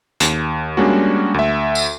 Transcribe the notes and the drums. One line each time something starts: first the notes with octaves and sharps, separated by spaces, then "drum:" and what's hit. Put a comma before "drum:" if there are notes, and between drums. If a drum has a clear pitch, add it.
D#2, drum: hi-hat
G3 G#3 A#3 C#4 D4 F#4
D2 E5
drum: tambourine